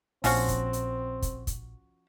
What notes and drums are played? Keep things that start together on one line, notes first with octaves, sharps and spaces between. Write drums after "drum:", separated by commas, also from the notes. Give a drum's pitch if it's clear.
A#1 F3 C4 C#4 F#4, drum: open hi-hat
drum: kick, hi-hat
drum: hi-hat
drum: kick, hi-hat
drum: kick, hi-hat